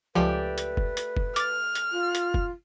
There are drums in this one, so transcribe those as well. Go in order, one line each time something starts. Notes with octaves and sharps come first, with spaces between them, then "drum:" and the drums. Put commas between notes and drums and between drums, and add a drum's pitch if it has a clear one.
C#2 F3 A3 G4 B4 D5
drum: hi-hat
drum: kick
drum: hi-hat
drum: kick
D6 F6 A6, drum: hi-hat
drum: hi-hat
F4
drum: hi-hat
drum: kick